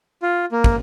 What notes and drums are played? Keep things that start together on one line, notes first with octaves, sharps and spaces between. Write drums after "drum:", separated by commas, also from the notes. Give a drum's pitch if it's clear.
F4
A#3
drum: kick